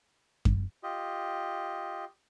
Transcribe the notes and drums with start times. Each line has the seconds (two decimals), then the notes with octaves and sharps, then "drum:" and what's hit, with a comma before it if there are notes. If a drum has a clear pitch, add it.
0.45 drum: kick F#2
0.83 F4 G4 D#5